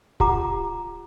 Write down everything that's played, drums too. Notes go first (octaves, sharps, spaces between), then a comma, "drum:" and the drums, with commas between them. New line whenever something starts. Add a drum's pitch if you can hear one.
F4 G4 F#5 A#5 D6, drum: kick C#1